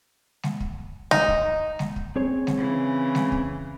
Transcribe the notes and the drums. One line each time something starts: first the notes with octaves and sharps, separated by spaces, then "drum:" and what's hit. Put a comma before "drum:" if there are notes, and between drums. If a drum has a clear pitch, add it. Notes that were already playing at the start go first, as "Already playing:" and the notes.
drum: snare G#3
drum: kick
D#4, drum: snare G#3
drum: kick
drum: snare G#3
drum: kick
C4 G#4 C#5
drum: snare G#3
C#3 E3
drum: snare G#3
drum: kick